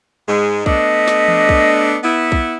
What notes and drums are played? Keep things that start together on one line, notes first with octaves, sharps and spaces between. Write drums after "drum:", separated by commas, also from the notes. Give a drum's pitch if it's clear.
G#2 G#3
A3 B3 D4 D#5, drum: kick B1
drum: snare
drum: tom E3
drum: kick B1
B3 E4
drum: kick B1